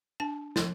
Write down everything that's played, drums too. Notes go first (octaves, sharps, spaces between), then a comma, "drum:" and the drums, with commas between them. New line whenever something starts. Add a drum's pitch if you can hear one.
D4 A5
F3, drum: snare